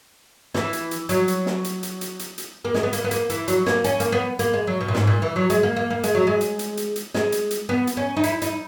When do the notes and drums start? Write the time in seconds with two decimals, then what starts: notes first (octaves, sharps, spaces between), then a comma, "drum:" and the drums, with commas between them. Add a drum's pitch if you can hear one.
0.54 E3, drum: snare
0.73 drum: hi-hat
0.91 drum: hi-hat
1.09 F#3, drum: hi-hat
1.28 drum: hi-hat
1.46 drum: snare
1.64 drum: hi-hat
1.83 drum: hi-hat
2.01 drum: hi-hat
2.19 drum: hi-hat
2.38 drum: hi-hat
2.65 A#3
2.74 G#3, drum: snare
2.83 B3
2.93 A#3, drum: hi-hat
3.04 B3
3.11 A#3, drum: hi-hat
3.30 E3, drum: hi-hat
3.48 F#3, drum: hi-hat
3.66 A#3, drum: snare
3.84 C#4, drum: hi-hat
4.00 A#3, drum: hi-hat
4.12 B3
4.39 A#3, drum: hi-hat
4.53 G#3
4.67 F#3
4.81 B2
4.88 A#2
4.95 G#2, drum: snare
5.07 A#2
5.22 E3
5.36 F#3
5.50 G#3, drum: hi-hat
5.63 A#3
5.76 A#3
5.90 A#3
6.03 G#3, drum: hi-hat
6.15 F#3
6.27 G#3
6.41 drum: hi-hat
6.59 drum: hi-hat
6.77 drum: hi-hat
6.96 drum: hi-hat
7.14 G#3, drum: snare
7.32 drum: hi-hat
7.51 drum: hi-hat
7.69 B3
7.87 drum: hi-hat
7.97 C#4
8.17 D#4
8.23 E4, drum: hi-hat
8.42 D#4, drum: hi-hat